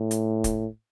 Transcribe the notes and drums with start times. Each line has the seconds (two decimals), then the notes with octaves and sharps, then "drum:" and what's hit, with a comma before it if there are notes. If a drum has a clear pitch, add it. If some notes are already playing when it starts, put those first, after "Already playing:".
Already playing: A2
0.11 drum: hi-hat
0.44 drum: kick, hi-hat